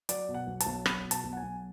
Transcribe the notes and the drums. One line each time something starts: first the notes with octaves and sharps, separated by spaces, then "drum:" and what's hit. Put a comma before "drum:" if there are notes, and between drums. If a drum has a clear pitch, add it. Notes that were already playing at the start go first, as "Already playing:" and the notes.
F#3 D5, drum: hi-hat
B2
F#5
B1
A5, drum: hi-hat
B1
F#3 B5, drum: rim click
B2
A5, drum: hi-hat
B1
F#5
G#5
B1